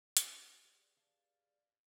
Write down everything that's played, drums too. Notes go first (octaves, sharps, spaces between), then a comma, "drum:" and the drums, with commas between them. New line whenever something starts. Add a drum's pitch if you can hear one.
C5 D#5, drum: hi-hat
G4 G#4 B4 D5
D5 F5 A5